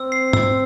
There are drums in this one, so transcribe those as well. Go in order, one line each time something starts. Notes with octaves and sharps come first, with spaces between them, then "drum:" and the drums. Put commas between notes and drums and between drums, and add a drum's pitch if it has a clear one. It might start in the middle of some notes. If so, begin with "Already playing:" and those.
Already playing: C4 E6
C7
E6, drum: tom